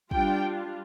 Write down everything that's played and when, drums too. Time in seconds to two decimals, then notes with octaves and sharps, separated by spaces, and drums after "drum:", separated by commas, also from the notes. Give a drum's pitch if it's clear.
0.11 G3 D4 F4 G5, drum: kick